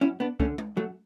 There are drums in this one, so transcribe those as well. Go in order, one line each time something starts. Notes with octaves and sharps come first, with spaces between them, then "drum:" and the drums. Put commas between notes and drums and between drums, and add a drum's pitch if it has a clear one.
F#2 C#4 E4
B3 D4
D3 A3 C#4, drum: kick C#2
drum: tom G#3
F#2 F#3 A3